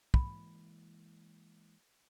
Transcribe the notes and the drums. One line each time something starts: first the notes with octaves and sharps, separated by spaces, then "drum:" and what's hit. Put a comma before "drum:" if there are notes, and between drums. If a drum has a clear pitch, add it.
E3 G#3 A#3 B5, drum: kick